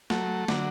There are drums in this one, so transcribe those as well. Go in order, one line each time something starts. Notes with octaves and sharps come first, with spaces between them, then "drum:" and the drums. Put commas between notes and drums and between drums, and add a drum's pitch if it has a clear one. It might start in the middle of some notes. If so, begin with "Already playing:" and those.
F#3 A3, drum: snare
D3 F#3, drum: snare